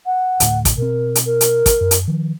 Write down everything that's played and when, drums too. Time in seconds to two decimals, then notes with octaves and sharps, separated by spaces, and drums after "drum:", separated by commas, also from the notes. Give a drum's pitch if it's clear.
0.06 F#5
0.40 D2 A2, drum: hi-hat
0.65 drum: kick, hi-hat
0.78 B2 C4 A#4
1.15 drum: hi-hat
1.26 A#4
1.41 drum: hi-hat
1.66 drum: kick, hi-hat
1.81 F#2
1.91 drum: hi-hat
2.08 D#3 F3